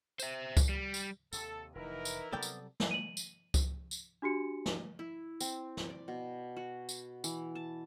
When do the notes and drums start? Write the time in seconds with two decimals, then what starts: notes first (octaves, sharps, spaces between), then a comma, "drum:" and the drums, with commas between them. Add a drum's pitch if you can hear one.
0.19 C5 E5, drum: tambourine
0.57 drum: kick C#2, tambourine
0.69 G3
0.94 drum: tambourine
1.33 D#2 C3 A4, drum: tambourine
1.75 F1 E3 D#4 E4 A#4 B4
2.05 drum: tambourine
2.32 C3 F#3 G3 B3 A4 D5 G5
2.43 drum: tambourine
2.80 drum: snare
2.91 D#7 F#7
3.17 drum: tambourine
3.54 drum: kick C#2, tambourine
3.91 drum: tambourine
4.22 D4 F#4 G4 C#7
4.66 drum: snare
4.99 E4
5.41 C4, drum: tambourine
5.77 drum: snare
5.90 D5
6.08 B2
6.57 F#4
6.89 drum: tambourine
7.24 E3, drum: tambourine
7.55 A5